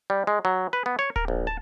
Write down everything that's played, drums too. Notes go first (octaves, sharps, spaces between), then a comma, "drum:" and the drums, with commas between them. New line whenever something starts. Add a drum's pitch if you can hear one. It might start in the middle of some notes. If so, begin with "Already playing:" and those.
G3
G#3
F#3
B4
B3
C#5
A#4, drum: kick D1
A#1
A5